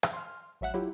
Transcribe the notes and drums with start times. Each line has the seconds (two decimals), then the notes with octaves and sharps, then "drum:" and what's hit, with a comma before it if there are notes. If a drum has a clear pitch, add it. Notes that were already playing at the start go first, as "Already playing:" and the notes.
0.03 drum: rim click
0.13 C6 F6
0.61 A1 F#3 E5 F#5 F#6
0.74 F#3 E4 F4 G4